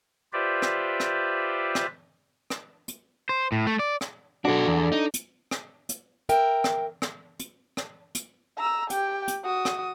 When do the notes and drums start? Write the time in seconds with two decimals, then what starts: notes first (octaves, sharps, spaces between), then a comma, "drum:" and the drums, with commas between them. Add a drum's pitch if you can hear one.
0.33 F4 G4 B4 C5 D5 E5
0.62 drum: rim click
1.00 drum: rim click
1.75 drum: rim click
2.50 drum: rim click
2.88 drum: hi-hat
3.29 C5
3.52 A2
3.67 A3
3.79 D5
4.01 drum: rim click
4.45 B1 D4 F#4 A4
4.67 E2
4.92 D#4
5.14 drum: hi-hat
5.51 drum: rim click
5.89 drum: hi-hat
6.29 A#4 E5 G5, drum: hi-hat
6.64 drum: rim click
7.02 drum: rim click
7.40 drum: hi-hat
7.77 drum: rim click
8.15 drum: hi-hat
8.58 A#5 E6
8.90 G4 G5, drum: hi-hat
9.28 drum: hi-hat
9.44 F#4 D#6
9.65 drum: rim click